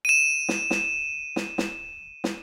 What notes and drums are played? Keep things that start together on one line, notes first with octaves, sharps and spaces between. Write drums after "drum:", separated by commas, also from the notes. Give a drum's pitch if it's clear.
D#7 E7
drum: snare
drum: snare
drum: snare
drum: snare
drum: snare